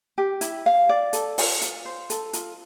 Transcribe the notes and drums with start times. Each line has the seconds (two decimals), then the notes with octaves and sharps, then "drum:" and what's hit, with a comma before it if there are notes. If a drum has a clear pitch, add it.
0.18 G4
0.41 E4, drum: hi-hat
0.66 F5
0.89 D5
1.13 A4, drum: hi-hat
1.38 F4, drum: open hi-hat
1.61 F4, drum: hi-hat
1.85 C5
2.10 A4, drum: hi-hat
2.33 F4, drum: hi-hat